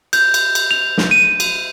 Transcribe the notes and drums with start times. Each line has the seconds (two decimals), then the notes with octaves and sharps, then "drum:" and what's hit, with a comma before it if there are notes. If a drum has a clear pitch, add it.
0.13 G6, drum: cymbal
0.34 drum: cymbal
0.55 drum: cymbal
0.71 F7
0.98 drum: snare
1.11 D#7
1.40 drum: cymbal